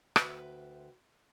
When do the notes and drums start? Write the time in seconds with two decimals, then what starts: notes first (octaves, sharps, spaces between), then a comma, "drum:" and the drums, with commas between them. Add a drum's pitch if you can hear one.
0.16 D2 B4 E5 G5, drum: rim click